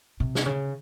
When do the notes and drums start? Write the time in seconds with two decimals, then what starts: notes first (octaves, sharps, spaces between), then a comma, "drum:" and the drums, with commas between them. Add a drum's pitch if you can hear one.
0.20 C3
0.35 drum: snare
0.46 C#3